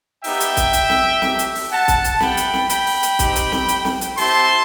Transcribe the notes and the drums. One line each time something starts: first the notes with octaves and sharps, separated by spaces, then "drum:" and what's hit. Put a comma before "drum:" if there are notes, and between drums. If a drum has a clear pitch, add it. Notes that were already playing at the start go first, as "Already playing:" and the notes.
B3 D#4 G4 E5 G5, drum: open hi-hat
drum: hi-hat
drum: kick, hi-hat
drum: hi-hat
drum: snare
A3 D#4 G4, drum: snare
drum: hi-hat
drum: open hi-hat
F#5 A5
drum: kick, hi-hat
drum: hi-hat
B3 E4 G4 G5 B5, drum: snare
drum: hi-hat
drum: snare
G5 B5, drum: hi-hat
drum: open hi-hat
drum: hi-hat
C4 D#4 G4, drum: kick, hi-hat
drum: hi-hat
drum: snare
drum: hi-hat
drum: snare
drum: hi-hat
C4 E4 G4 A5 C6, drum: open hi-hat